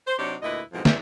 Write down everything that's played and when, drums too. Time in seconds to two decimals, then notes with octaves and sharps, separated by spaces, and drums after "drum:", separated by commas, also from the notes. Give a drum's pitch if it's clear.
0.08 C5
0.19 C3 F#3 D4 D#4 G4 C#5
0.43 D2 A#2 E4 B4 D#5
0.73 F2 G#2 B2 E3 F3
0.85 G2 E3 G3 G#3 E5, drum: snare